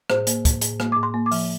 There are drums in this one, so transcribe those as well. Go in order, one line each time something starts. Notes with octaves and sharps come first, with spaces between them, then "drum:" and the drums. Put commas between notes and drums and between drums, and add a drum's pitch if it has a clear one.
A2 C5, drum: rim click
A#3, drum: hi-hat
A2, drum: kick, hi-hat
A2, drum: hi-hat
A#3, drum: rim click
A2 D6
C6
A#3
D6
F3, drum: open hi-hat